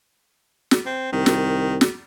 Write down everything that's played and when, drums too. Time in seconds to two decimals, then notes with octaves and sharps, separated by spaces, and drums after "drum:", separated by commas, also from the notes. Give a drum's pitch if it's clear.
0.71 drum: snare
0.86 C4
1.12 C2 D#3
1.26 drum: snare
1.81 drum: snare